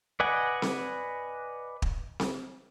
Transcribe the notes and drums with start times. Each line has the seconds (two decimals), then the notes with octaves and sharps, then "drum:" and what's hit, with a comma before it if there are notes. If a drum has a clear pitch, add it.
0.20 B4 D5 D#5 F#5 G#5
0.62 drum: snare C4
1.82 drum: kick
2.20 drum: snare C4